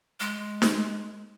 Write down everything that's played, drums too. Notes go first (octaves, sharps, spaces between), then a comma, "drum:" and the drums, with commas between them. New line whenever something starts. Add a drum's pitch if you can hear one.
G#3
drum: snare